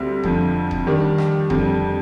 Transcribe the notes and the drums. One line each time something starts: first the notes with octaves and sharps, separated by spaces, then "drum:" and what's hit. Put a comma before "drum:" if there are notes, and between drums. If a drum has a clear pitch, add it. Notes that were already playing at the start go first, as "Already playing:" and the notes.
Already playing: D2 G3 C4
F2 D3 F3, drum: kick D#1
drum: kick D#1
D#3 G3 D4
drum: rim click
F2 D3 G3, drum: kick D#1